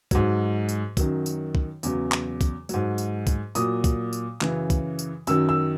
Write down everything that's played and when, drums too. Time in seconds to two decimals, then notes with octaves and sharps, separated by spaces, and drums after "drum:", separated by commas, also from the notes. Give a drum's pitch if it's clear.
0.11 G#2 F#3, drum: kick, tambourine
0.69 drum: tambourine
0.97 F#2 D#3 F#3, drum: kick, tambourine
1.26 drum: tambourine
1.55 drum: kick
1.83 E2 C#3 F#3, drum: tambourine
2.12 drum: clap
2.41 drum: kick, tambourine
2.69 G#2 F#3, drum: tambourine
2.98 drum: tambourine
3.27 drum: kick, tambourine
3.55 A#2 F#3 D#6, drum: tambourine
3.84 drum: kick, tambourine
4.13 drum: tambourine
4.41 F#2 C#3 E3, drum: clap
4.70 drum: kick, tambourine
4.99 drum: tambourine
5.27 F#2 D#3 F#3 E6, drum: tambourine
5.49 E6